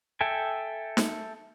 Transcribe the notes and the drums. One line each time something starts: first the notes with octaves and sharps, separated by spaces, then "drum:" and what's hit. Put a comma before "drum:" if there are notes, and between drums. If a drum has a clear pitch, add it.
A4 E5 G5 G#5
drum: snare